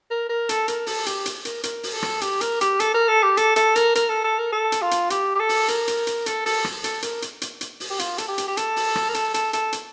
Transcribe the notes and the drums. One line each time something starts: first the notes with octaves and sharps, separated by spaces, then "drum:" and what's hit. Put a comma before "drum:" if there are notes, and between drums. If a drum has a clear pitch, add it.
A#4
A#4
A4, drum: hi-hat
A#4, drum: hi-hat
A4, drum: open hi-hat
G4, drum: hi-hat
drum: hi-hat
A#4, drum: hi-hat
A#4, drum: hi-hat
drum: open hi-hat
A4
drum: rim click
G4, drum: hi-hat
A#4, drum: hi-hat
G4, drum: hi-hat
A4, drum: hi-hat
A#4
A4
G4
A4, drum: hi-hat
A4, drum: hi-hat
A#4, drum: hi-hat
A#4, drum: hi-hat
A4
A4
A#4
A4
drum: hi-hat
F4
drum: hi-hat
G4, drum: hi-hat
G4
A4
drum: open hi-hat
A#4, drum: hi-hat
drum: hi-hat
drum: hi-hat
A4, drum: hi-hat
A4, drum: open hi-hat
drum: rim click
A4, drum: hi-hat
A#4, drum: hi-hat
drum: hi-hat
drum: hi-hat
drum: hi-hat
drum: open hi-hat
G4
F4, drum: hi-hat
A4, drum: hi-hat
G4
drum: hi-hat
G4
A4, drum: hi-hat
drum: open hi-hat
drum: rim click
A#4
A4, drum: hi-hat
A4, drum: hi-hat
A4, drum: hi-hat
drum: hi-hat